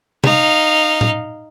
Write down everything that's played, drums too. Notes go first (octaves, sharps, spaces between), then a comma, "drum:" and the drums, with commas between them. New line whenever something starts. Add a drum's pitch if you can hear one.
D#4 F5, drum: tom
drum: tom A2